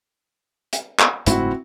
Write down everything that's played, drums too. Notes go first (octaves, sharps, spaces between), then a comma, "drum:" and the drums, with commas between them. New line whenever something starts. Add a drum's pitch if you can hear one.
drum: hi-hat
drum: clap
F#1 G#2 A3 C4 E4 F#4, drum: hi-hat